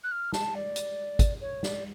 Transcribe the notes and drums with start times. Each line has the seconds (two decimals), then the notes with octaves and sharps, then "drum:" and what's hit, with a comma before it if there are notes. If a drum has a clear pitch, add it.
0.03 F#6
0.11 F6
0.33 A5, drum: snare
0.54 D5
0.76 drum: hi-hat
1.19 drum: kick, hi-hat
1.41 C#5
1.63 D5, drum: snare